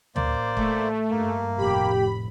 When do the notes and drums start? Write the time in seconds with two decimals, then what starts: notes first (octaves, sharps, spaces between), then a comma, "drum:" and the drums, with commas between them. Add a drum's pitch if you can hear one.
0.16 A1 A#3 C5 D5, drum: tom D2
0.57 A3, drum: kick
1.10 G2 A#3
1.58 F1 A2 G4 B5